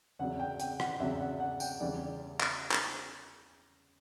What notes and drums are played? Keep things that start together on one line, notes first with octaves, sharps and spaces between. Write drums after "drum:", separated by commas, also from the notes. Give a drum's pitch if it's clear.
E2 C#3 F#3 F#5
G5
G5, drum: hi-hat
F#5, drum: rim click
E2 C#3 F#3 E5
F#5
F#5
G5, drum: tambourine
E2 C#3 E3 G3 D5
drum: clap
drum: clap